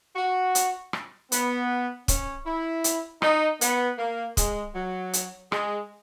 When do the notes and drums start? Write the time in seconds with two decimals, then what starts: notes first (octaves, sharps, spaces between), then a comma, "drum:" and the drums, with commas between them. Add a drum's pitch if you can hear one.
0.16 F#4
0.55 drum: hi-hat
0.93 drum: rim click
1.32 B3, drum: hi-hat
2.08 C#4, drum: kick, hi-hat
2.46 E4
2.84 drum: hi-hat
3.22 D#4, drum: rim click
3.61 B3, drum: hi-hat
3.98 A#3
4.37 G#3, drum: kick, hi-hat
4.75 F#3
5.13 drum: hi-hat
5.52 G#3, drum: rim click